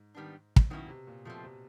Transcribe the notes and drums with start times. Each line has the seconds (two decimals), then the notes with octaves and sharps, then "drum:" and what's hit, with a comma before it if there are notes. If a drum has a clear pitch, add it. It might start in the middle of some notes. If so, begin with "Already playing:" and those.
Already playing: G#2
0.15 D#3 G3 B3 D4
0.56 drum: kick
0.70 B2 D#3 F#3 A#3 C#4 E4
0.88 C3
1.07 A#2
1.25 B2 F3 A3 C4
1.44 C3